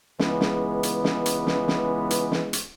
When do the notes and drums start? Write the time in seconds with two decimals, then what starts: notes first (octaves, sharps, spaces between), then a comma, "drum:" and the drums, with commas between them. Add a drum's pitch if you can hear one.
0.19 C#2 E3 G#3 B3, drum: snare
0.41 drum: snare
0.83 drum: hi-hat
1.04 drum: snare
1.26 drum: hi-hat
1.47 drum: snare
1.68 drum: snare
2.10 drum: hi-hat
2.32 drum: snare
2.53 drum: hi-hat